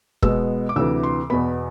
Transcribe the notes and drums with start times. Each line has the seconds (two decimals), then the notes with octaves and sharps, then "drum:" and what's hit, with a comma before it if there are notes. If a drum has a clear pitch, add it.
0.22 B2 G#3 B3 E6, drum: kick
0.69 D6
0.76 D2 C3 E3 E6
1.03 C6
1.30 E2 B2 B3 B5